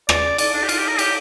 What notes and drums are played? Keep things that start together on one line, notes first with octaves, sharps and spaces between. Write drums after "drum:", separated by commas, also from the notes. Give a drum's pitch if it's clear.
D5, drum: rim click
D5, drum: cymbal
D4
G4
F4, drum: cymbal
G4
A#4
G4, drum: cymbal